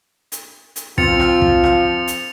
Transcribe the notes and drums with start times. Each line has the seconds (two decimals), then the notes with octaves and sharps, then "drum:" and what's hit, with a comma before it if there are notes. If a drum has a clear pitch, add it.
0.32 drum: hi-hat
0.76 drum: hi-hat
0.98 F3 C4 F4 A6 C#7 F7, drum: kick
1.20 drum: rim click
1.42 drum: kick
1.64 drum: rim click
2.08 drum: hi-hat